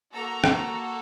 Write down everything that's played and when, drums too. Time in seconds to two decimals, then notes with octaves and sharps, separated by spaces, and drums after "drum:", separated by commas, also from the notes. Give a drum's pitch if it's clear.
0.13 A#3 F#4 A4 A#5
0.44 drum: rim click